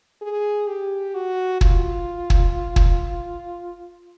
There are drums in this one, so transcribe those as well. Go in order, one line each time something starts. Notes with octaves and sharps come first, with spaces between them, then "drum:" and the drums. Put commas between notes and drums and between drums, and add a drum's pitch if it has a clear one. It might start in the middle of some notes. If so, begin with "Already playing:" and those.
G#4
G4
F#4
F4, drum: kick
drum: kick
drum: kick